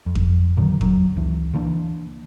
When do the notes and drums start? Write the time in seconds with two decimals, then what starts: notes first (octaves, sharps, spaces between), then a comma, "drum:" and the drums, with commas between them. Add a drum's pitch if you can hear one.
0.06 F2
0.15 drum: kick F2
0.57 A#2 D3 D#3 F#3
0.81 E2 F#3, drum: kick F2
1.16 C#2 E3
1.53 C#3 E3 A#3 D4